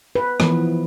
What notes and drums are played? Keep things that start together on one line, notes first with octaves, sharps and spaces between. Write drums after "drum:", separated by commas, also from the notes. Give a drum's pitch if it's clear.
B4
E3 F3 B3, drum: rim click